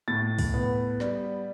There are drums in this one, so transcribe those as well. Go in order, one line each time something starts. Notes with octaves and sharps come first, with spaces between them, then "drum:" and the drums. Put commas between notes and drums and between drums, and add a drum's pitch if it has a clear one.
A2 A6
drum: kick, open hi-hat
B3
G3, drum: snare